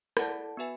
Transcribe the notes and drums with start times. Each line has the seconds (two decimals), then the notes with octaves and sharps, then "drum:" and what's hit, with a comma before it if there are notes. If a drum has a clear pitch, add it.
0.17 E4 A4 D5 F#5 A5, drum: rim click
0.57 B3 F#4 B4 E5 G#5